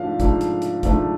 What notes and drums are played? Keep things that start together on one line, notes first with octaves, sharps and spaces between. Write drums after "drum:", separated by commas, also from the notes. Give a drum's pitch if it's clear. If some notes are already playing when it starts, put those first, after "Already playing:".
Already playing: G#2 F3 A3 D4 F5
G#2 F3 A3 D4, drum: kick, hi-hat
drum: hi-hat
drum: hi-hat
G#2 F3 A3 D4, drum: kick, hi-hat